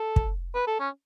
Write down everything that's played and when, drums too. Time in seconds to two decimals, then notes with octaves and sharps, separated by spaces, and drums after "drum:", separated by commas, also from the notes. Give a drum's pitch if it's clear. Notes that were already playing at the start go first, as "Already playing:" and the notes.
Already playing: A4
0.16 drum: kick
0.55 B4
0.67 A4
0.80 C#4